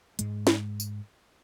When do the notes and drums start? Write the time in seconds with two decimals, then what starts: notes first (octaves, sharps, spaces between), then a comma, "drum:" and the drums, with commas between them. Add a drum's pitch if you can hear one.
0.19 G#2 G#3, drum: hi-hat
0.47 drum: snare
0.80 drum: tambourine